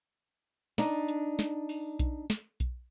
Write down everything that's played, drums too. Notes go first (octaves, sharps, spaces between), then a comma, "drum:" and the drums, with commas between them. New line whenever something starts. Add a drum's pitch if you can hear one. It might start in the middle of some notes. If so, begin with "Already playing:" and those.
D4 D#4, drum: snare
drum: hi-hat
drum: snare
drum: open hi-hat
drum: kick B1, hi-hat
drum: snare
drum: kick B1, hi-hat